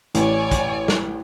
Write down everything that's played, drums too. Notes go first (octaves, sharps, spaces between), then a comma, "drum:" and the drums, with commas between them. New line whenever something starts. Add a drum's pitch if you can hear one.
A1 C#5 D5 G#5, drum: hi-hat
drum: kick, hi-hat
drum: snare